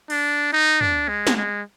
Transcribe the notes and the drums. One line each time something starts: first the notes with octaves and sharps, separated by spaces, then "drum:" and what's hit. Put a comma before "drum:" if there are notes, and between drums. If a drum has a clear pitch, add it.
D4, drum: cymbal
D#4
D4, drum: tom
G#3
drum: snare
G#3